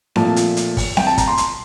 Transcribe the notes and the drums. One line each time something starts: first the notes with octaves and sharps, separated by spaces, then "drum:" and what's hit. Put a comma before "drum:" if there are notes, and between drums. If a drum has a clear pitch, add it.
A#2 F3 A3 A5, drum: snare C4
drum: hi-hat
drum: hi-hat
drum: kick, open hi-hat
G5, drum: snare C4
A5
A#5, drum: kick, hi-hat
C6
drum: hi-hat